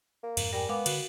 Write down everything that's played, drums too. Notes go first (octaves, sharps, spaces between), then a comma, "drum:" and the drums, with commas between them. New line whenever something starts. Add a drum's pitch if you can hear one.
A#3
F2 G#2, drum: cymbal
G3 A#4 G5 G#5
G#3 B3 F5 D6
D3 F#4, drum: cymbal